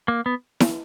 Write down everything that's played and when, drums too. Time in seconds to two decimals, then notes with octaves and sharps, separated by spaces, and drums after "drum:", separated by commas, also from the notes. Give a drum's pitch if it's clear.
0.08 A#3
0.26 B3
0.60 drum: snare E4